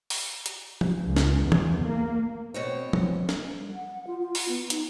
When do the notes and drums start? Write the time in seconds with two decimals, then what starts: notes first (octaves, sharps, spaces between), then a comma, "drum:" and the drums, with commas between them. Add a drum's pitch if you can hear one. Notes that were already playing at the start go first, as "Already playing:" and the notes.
0.10 drum: open hi-hat
0.46 drum: hi-hat
0.81 drum: tom F3
1.04 C#2
1.16 drum: snare
1.39 E2
1.52 drum: tom E3
1.82 A#3
2.54 B2 C4 C#5
2.93 drum: tom F3
3.29 drum: snare
3.57 G3
3.73 F#5
4.07 F4
4.19 F4
4.35 drum: open hi-hat
4.49 B3
4.70 D#4, drum: hi-hat